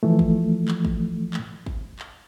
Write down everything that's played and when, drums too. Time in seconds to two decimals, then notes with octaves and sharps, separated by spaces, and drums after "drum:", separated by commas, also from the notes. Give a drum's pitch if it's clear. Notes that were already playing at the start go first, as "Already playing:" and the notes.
0.03 E3 F3 A3
0.19 drum: kick
0.68 drum: clap
0.85 drum: kick
1.34 drum: clap
1.66 drum: kick
1.99 drum: clap